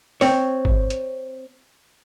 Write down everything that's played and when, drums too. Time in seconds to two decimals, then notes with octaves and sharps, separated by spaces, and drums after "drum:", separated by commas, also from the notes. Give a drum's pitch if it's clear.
0.21 C4 C#5, drum: open hi-hat
0.65 drum: kick
0.90 drum: hi-hat